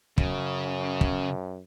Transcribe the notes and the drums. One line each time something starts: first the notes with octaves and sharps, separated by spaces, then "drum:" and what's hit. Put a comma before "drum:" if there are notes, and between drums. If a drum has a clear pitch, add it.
F#2 C#3, drum: kick
drum: kick